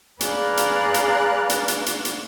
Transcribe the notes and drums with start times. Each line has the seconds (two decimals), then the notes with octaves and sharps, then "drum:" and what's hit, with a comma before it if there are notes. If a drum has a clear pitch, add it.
0.21 G#4 B4 D5 F5 A#5 F#6, drum: hi-hat
0.57 drum: hi-hat
0.94 drum: hi-hat
1.49 drum: hi-hat
1.68 drum: hi-hat
1.86 drum: hi-hat
2.05 drum: hi-hat